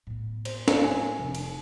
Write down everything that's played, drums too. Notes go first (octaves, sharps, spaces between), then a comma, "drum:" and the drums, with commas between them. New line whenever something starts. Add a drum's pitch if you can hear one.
A2 B3
C5, drum: cymbal
drum: snare
G#5
F1
drum: cymbal